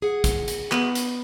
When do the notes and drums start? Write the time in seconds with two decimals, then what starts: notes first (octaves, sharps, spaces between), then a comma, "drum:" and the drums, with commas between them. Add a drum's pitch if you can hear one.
0.02 G#4 F#5
0.24 drum: kick, hi-hat
0.48 drum: hi-hat
0.72 B3, drum: clap
0.95 drum: hi-hat